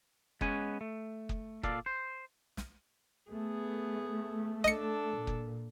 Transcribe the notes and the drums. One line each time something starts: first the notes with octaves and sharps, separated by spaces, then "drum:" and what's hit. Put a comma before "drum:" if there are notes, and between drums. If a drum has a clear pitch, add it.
G#3 B3 C#4 G#5, drum: kick
A3
drum: kick
A#2 A4 D5 F5, drum: kick
C5
drum: snare
A3 B3 G#4
D4 A4 D#5 C#7, drum: snare
A#2
drum: kick